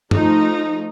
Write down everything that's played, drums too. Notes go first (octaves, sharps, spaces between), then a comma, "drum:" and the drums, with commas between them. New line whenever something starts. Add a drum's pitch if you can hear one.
F3 A3 D#4, drum: tom